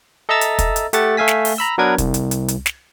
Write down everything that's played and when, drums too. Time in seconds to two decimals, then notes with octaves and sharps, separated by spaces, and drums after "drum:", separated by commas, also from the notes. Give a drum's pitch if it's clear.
0.29 A4 D#5 E5 A#5 E6 A6
0.41 drum: hi-hat
0.59 drum: kick, hi-hat
0.76 drum: hi-hat
0.93 A3 G4 A4 F#5 A6, drum: hi-hat
1.17 A3 E5 F5 G#5 B6
1.28 drum: snare
1.45 drum: open hi-hat
1.58 A#5 B5 E6
1.78 F#3 B3 D4 A#4 B4 G#6
1.98 C2, drum: kick, hi-hat
2.14 drum: hi-hat
2.31 drum: hi-hat
2.48 drum: hi-hat
2.66 drum: snare